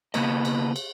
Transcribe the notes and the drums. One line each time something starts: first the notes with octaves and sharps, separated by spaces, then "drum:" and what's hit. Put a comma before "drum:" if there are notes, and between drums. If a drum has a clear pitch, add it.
C#3 A#3 B3 D#5, drum: cymbal
drum: cymbal
drum: cymbal